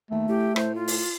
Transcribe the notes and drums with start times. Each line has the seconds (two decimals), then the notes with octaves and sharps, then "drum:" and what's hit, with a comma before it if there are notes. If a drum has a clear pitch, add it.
0.11 D#2 A3
0.29 A2 G4
0.56 A2 C5, drum: rim click
0.75 F4
0.88 drum: open hi-hat